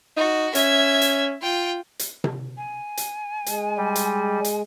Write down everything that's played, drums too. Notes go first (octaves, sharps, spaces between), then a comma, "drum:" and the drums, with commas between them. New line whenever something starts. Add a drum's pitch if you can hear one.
D#4 F#4
C#4 E5 G#6, drum: hi-hat
drum: hi-hat
F4 G5
drum: hi-hat
drum: tom C3
G#5
drum: hi-hat
G#3, drum: hi-hat
G3
drum: hi-hat
drum: hi-hat